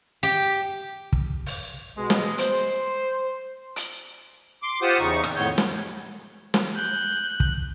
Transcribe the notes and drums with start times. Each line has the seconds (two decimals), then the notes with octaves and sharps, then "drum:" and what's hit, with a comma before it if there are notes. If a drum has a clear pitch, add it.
0.23 G4
1.13 drum: kick
1.46 drum: open hi-hat
1.97 B2 G#3
2.10 drum: snare
2.38 C5, drum: hi-hat
3.76 drum: hi-hat
4.63 C6 D6
4.82 F4 G4 C5 F#5 D#6
4.99 E2 C#3 D#4 C#6
5.24 A#2, drum: rim click
5.36 F2 A2 D#3 B3 C#5 G6
5.58 drum: snare
6.54 drum: snare
6.76 F#6 G6
7.40 drum: kick